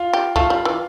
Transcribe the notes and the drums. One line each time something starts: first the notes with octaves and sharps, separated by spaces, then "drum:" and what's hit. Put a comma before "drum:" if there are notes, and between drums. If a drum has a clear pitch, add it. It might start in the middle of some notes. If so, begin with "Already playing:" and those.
Already playing: F4 F5
G4
A3 F4 F5, drum: kick C#2
G3
E3